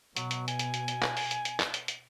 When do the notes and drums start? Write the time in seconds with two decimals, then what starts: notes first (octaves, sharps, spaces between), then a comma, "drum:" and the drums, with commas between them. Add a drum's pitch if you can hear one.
0.17 B2 F#3, drum: hi-hat
0.31 drum: hi-hat
0.48 G#5, drum: hi-hat
0.59 drum: hi-hat
0.74 drum: hi-hat
0.88 drum: hi-hat
1.02 drum: clap
1.17 drum: open hi-hat
1.31 drum: hi-hat
1.45 drum: hi-hat
1.60 drum: clap
1.74 drum: hi-hat
1.88 drum: hi-hat